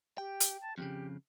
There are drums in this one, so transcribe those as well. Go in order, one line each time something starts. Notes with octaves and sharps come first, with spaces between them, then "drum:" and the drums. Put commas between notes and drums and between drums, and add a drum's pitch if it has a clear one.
G4 G5
drum: hi-hat
A5
F2 A2 C#3 G4